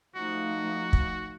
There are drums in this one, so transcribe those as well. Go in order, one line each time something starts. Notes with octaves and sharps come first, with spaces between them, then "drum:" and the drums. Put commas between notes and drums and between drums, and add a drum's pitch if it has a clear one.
F3 A3 D#4 F#4
drum: kick